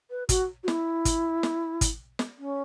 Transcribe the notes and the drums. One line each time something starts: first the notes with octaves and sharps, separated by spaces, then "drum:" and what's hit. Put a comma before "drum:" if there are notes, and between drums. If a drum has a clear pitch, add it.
B4
F#4, drum: kick, hi-hat
F#4
E4, drum: snare
drum: kick, hi-hat
drum: snare
drum: kick, hi-hat
drum: snare
C#4